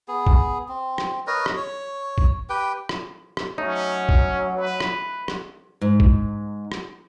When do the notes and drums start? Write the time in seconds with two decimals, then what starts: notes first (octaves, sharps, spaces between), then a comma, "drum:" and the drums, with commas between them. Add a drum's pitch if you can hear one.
0.08 B3 G#4
0.27 drum: kick A#1
0.68 C4
0.98 drum: rim click
1.27 A#4 B4 C#5 D#5
1.46 drum: rim click
1.57 C#5
2.18 drum: kick A#1
2.49 G4 B4 G5
2.89 drum: rim click
3.37 drum: rim click
3.58 F#3 A3 C#4 D#4
4.09 drum: kick A#1
4.57 B4
4.80 drum: rim click
5.28 drum: rim click
5.81 G#2
6.00 drum: kick A#1
6.72 drum: rim click